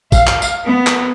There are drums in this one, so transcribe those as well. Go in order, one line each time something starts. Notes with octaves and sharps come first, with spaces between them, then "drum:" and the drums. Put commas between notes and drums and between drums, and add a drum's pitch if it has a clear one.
F5, drum: kick, tambourine
drum: clap
drum: tambourine
B3
drum: clap